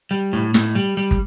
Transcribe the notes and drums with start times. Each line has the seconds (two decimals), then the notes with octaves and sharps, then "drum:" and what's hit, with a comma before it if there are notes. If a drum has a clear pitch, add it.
0.11 G3
0.33 A2
0.54 A2, drum: snare
0.75 G3
0.97 G3
1.11 drum: kick